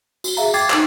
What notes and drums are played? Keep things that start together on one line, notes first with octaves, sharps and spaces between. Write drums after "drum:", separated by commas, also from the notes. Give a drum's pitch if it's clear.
F#4 G7, drum: tambourine
G#4 E5 F5 A#5, drum: tambourine
G5 D6 G#6 A6 C7, drum: tambourine
D#4 F#7, drum: clap